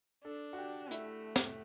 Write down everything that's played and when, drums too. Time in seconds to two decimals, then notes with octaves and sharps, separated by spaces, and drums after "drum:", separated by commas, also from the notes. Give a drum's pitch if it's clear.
0.24 D4 A4
0.53 F#4
0.58 G4
0.91 A3 E4, drum: hi-hat
1.36 drum: snare